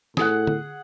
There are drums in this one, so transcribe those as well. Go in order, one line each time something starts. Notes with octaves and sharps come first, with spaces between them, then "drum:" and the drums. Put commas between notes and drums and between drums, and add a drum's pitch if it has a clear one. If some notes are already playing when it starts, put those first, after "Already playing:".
A2 G#4 F#5, drum: snare
drum: tom D3